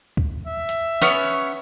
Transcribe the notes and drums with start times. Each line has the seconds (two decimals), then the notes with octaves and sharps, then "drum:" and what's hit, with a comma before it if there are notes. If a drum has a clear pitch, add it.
0.17 drum: kick
0.47 E5
0.69 drum: hi-hat
1.02 B3 C#4 C#5, drum: snare